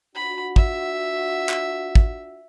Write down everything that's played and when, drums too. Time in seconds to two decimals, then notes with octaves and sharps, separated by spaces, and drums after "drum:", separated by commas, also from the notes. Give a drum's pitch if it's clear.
0.15 D4 F4 F#4 B5
0.56 E5, drum: kick
1.49 drum: clap
1.95 drum: kick